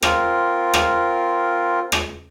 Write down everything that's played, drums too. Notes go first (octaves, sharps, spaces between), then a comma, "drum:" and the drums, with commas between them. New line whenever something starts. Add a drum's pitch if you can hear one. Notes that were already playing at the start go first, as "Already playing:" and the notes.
C4 F4 A#4, drum: rim click
drum: rim click
drum: rim click